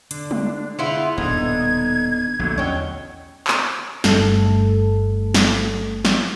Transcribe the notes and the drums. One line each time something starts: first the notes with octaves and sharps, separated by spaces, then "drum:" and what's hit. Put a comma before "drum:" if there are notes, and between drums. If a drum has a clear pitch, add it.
D3 D4, drum: hi-hat
drum: tom G3
B3 E4 F4 G#4 F#5
D#1 B2 B3 D4 D#4 A4 G#6
A#1 D3 F#3 A3
E2 C#4 C#5 D#5 F#5 G5
drum: clap
G1 G2 A3 A4, drum: snare
drum: snare
drum: snare